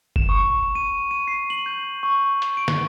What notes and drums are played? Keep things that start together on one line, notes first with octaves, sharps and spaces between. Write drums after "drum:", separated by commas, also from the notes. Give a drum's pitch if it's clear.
E7, drum: kick
C#6
D#7
D#7
C7
F#7
G6
C#6
drum: hi-hat
D7
drum: snare